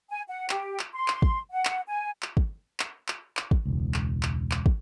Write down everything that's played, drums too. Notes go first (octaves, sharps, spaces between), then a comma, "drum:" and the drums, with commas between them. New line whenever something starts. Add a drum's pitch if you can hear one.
G#5
F#5
G4, drum: clap
drum: clap
C6
drum: clap
drum: kick
F#5
drum: clap
G#5
drum: clap
drum: kick
drum: clap
drum: clap
drum: clap
drum: kick
E1 C#2
drum: clap
drum: clap
drum: clap
drum: kick